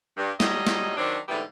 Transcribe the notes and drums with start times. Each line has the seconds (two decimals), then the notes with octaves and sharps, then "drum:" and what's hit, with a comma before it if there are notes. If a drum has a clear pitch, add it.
0.17 G2
0.40 A2 F#3 G3 D#5, drum: snare
0.67 drum: snare
0.97 D#3 F#3 C4 D4
1.28 G#2 D3 E3 A3 B3 G4